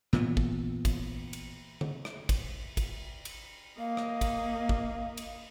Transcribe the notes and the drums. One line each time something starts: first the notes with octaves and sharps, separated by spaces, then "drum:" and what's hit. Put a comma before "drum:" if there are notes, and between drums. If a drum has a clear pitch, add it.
A#2 E3 B3, drum: rim click
drum: kick
drum: kick, cymbal
drum: cymbal
drum: tom D3
drum: rim click
drum: kick, cymbal
drum: kick, cymbal
drum: cymbal
A#3 D#5 F5
drum: rim click
drum: kick, cymbal
drum: kick
drum: cymbal